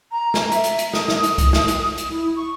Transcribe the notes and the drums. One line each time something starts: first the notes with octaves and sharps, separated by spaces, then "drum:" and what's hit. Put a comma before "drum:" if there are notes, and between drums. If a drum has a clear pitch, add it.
A#5
drum: snare
E5, drum: hi-hat
drum: hi-hat
drum: hi-hat
D#6, drum: snare
drum: snare
drum: hi-hat
drum: kick, hi-hat
drum: snare
drum: hi-hat
drum: hi-hat
E4
C#6